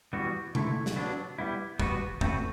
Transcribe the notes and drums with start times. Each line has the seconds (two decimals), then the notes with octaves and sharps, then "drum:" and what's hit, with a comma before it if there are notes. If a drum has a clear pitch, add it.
0.13 E3 G3 B3 F#4
0.55 D3 A3 E4, drum: tom C3
0.86 drum: snare
0.96 F#3 B3 D4
1.38 G3 B3 E4
1.79 G3 B3 F#4 B4, drum: kick
2.21 A3 C4 F#4 B4, drum: kick